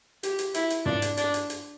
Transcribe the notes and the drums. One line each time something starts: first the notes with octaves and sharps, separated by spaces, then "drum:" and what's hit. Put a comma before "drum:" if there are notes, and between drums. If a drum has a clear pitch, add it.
G4, drum: hi-hat
drum: hi-hat
E4, drum: hi-hat
drum: hi-hat
D4, drum: tom
drum: hi-hat
D4, drum: hi-hat
drum: hi-hat
drum: hi-hat